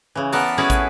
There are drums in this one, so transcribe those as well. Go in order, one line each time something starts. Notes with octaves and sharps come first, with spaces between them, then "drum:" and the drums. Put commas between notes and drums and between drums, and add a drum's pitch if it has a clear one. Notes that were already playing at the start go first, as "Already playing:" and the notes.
C#3 E3
B3 A4 A#4 D5, drum: open hi-hat
A3 C#4 E4 F#4 G#4 B4
drum: kick, hi-hat